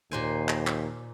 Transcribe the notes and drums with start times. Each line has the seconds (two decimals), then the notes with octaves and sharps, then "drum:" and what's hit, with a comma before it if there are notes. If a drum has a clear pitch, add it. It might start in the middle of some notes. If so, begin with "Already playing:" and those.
0.11 D#2 A#2 C5 G#5
0.49 drum: clap
0.67 drum: clap